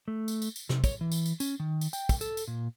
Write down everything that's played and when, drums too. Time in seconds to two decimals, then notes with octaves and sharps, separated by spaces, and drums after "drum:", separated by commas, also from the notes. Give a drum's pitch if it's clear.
0.08 A3
0.28 drum: tambourine
0.42 drum: tambourine
0.56 drum: tambourine
0.69 C3, drum: snare
0.84 C#5, drum: kick, tambourine
1.01 E3
1.12 drum: tambourine
1.26 drum: tambourine
1.40 C#4, drum: tambourine
1.60 D#3
1.81 drum: tambourine
1.93 G5, drum: tambourine
2.09 drum: kick, tambourine
2.21 A4, drum: tambourine
2.37 drum: tambourine
2.48 A#2